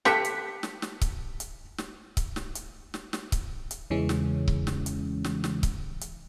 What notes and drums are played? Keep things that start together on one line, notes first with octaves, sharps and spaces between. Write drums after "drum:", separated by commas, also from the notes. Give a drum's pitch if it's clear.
G4 A4 G5 F#6 B6 C#7, drum: snare
drum: hi-hat
drum: snare
drum: snare
drum: kick C#1, hi-hat
drum: hi-hat
drum: snare
drum: kick C#1, hi-hat
drum: snare
drum: hi-hat
drum: snare
drum: snare
drum: kick C#1, hi-hat
drum: hi-hat
E2 C#3 E3 G#3 C#4
drum: snare
drum: kick C#1
drum: snare
drum: hi-hat
drum: snare
drum: snare
drum: kick C#1, hi-hat
drum: hi-hat